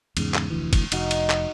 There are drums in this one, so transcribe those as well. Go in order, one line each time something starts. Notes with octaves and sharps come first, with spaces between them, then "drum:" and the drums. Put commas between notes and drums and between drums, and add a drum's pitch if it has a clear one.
E2 G#2 C#3, drum: cymbal
drum: clap
F1 D2 E3
drum: kick, cymbal
F1 D#4 F#4 D#5, drum: cymbal
drum: cymbal
drum: clap